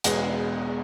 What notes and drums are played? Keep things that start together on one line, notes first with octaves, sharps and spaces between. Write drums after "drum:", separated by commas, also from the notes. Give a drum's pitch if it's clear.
E1 E2 B2 G#3 B3, drum: hi-hat